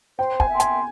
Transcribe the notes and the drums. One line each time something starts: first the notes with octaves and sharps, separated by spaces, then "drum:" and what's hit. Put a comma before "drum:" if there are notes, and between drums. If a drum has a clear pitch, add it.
C5 G5
G#5, drum: kick
E5 G5 C6
G#5, drum: hi-hat